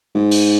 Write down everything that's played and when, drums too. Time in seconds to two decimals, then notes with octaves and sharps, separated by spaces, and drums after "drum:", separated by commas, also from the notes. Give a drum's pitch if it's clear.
0.15 G#2
0.31 drum: open hi-hat